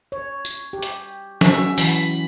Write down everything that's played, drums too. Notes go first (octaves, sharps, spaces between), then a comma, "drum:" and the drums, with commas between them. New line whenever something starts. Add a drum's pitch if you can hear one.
C#5
drum: tambourine
G4
drum: hi-hat
F#3 C#4 E5, drum: snare
E3 B5, drum: open hi-hat